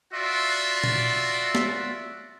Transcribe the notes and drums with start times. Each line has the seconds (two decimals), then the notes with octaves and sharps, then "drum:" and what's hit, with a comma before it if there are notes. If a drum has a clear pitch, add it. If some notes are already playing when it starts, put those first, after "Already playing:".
0.12 F4 F#4 D5 E5 F#5 C6
0.84 drum: tom A#2
1.55 drum: snare